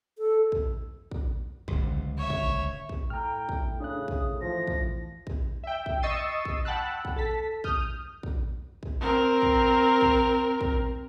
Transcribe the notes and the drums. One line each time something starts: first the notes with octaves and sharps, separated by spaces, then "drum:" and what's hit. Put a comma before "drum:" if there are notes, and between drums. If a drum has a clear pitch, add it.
A4
drum: kick
drum: kick
D1 C#2, drum: kick
C#5 E5
drum: kick
drum: kick
A2 G5 A#5 F6
drum: kick
C#3 D4 D#6 F#6
drum: kick
A2 E3 F3 A#6
drum: kick
drum: kick
E5 G5
drum: kick
D#5 C#6 E6 A6 C7 D#7
drum: kick
F#5 G5 A5 B5 E6 F#6
drum: kick
A4 A5 B6
D#6 F6 G6, drum: kick
drum: kick
drum: kick
C4 A#4
drum: kick
drum: kick
drum: kick